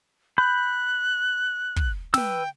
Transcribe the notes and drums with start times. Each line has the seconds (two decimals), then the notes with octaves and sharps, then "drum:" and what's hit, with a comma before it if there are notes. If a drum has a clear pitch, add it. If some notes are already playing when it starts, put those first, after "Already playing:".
0.38 B5 F#6 G6
1.76 drum: kick
2.14 B4 G5 E6, drum: snare